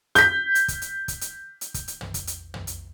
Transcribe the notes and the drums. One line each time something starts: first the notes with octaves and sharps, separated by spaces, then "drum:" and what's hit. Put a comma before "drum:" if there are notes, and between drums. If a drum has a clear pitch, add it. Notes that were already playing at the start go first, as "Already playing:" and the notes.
G6 B6, drum: hi-hat
drum: hi-hat
drum: kick, hi-hat
drum: hi-hat
drum: kick, hi-hat
drum: hi-hat
drum: hi-hat
drum: kick, hi-hat
drum: hi-hat
drum: tom
drum: kick, hi-hat
drum: hi-hat
drum: tom
drum: hi-hat